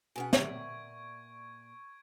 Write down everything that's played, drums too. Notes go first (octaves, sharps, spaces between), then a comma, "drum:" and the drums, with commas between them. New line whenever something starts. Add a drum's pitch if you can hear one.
B2 B3 C#4 G#4 F#5 G#5 D7
A#2 D5 E5 C#6 G#6, drum: snare